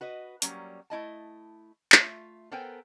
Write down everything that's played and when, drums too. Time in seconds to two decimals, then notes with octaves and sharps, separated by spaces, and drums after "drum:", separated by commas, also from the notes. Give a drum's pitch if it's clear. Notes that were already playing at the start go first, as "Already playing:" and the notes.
0.01 F#4 B4 D#5
0.42 F#3 G3 A#3 C#4, drum: hi-hat
0.90 A3 E4 D#5 A5
1.92 A3 F4 E5, drum: clap
2.52 B3 A4 A#4 C5 G5 G#5